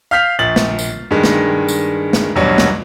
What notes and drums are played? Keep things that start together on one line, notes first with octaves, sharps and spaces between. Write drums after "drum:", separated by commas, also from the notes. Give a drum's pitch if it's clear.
F5 F6 G6 B6 C7 F7
A#1 A6 F#7
drum: snare
drum: tambourine
G2 D#3 G#3
drum: snare
drum: tambourine
drum: snare
B1 E2 G2 F#3 G3
drum: snare